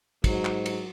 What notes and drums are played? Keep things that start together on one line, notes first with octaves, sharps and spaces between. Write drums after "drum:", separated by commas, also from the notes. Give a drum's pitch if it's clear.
G#2 F#3, drum: kick, cymbal
drum: clap
drum: cymbal